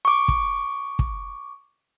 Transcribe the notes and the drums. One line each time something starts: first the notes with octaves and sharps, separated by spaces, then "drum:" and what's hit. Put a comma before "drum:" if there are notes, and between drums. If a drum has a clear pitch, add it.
C#6 D6
drum: kick
drum: kick